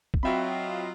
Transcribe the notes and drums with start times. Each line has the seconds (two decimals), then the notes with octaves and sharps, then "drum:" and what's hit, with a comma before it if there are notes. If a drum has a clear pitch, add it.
0.14 drum: kick
0.23 F#3 C4 F4 F#4 D#5 E5 G5 B5